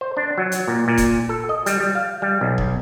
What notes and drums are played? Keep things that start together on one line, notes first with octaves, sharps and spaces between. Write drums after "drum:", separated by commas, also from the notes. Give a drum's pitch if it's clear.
C5
D4
F#3
drum: hi-hat
A#2
A#2
drum: kick E1, hi-hat
A4
D#5
G3, drum: hi-hat
G3
F5
G3
B1
drum: kick E1